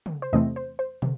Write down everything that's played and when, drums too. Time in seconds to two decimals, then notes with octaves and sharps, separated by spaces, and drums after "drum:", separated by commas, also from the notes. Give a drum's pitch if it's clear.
0.06 drum: tom
0.22 C5
0.33 E2 C3 E3 A3 C4 D#5
0.56 C5
0.79 C5
1.02 C3, drum: tom